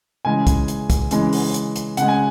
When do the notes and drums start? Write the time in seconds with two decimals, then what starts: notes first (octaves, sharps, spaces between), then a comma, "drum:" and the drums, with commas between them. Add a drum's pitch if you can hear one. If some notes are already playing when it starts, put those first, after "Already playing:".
0.25 C#3 E3 G#3 G#5
0.47 drum: kick, hi-hat
0.68 drum: hi-hat
0.90 drum: kick, hi-hat
1.11 C#3 E3 G#3, drum: hi-hat
1.33 drum: open hi-hat
1.54 drum: hi-hat
1.76 drum: hi-hat
1.97 C#3 G#3 F#5, drum: hi-hat
2.08 G#5